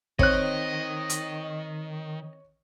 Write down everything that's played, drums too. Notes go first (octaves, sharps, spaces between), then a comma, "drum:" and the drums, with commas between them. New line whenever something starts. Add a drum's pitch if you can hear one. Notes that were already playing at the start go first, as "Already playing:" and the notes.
D#3 C4 C#5 D#5 F#6, drum: kick
drum: hi-hat